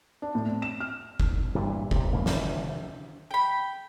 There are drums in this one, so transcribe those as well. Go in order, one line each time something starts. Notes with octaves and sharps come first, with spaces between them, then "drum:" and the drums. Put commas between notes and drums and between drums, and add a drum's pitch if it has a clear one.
D4
A2
C4
E7
F6
drum: kick F#1
G2 A#2 E3
B1 C3, drum: kick F#1
F2 C#3 A#3
F1 D3 E3, drum: snare
G5 B5